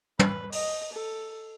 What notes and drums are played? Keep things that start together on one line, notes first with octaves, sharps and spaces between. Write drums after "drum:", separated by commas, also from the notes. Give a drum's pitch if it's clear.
B4, drum: tom
D#5, drum: open hi-hat
A4